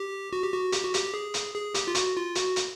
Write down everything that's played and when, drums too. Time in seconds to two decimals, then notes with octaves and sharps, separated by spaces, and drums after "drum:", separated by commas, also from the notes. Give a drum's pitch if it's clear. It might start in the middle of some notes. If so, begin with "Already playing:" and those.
Already playing: G4
0.33 F#4
0.43 G4
0.53 F#4
0.72 G4, drum: hi-hat
0.83 F#4
0.94 G4, drum: hi-hat
1.14 G#4
1.34 drum: hi-hat
1.55 G#4
1.74 G4, drum: hi-hat
1.88 F4
1.95 F#4, drum: hi-hat
2.16 F4
2.35 F#4, drum: hi-hat
2.56 drum: hi-hat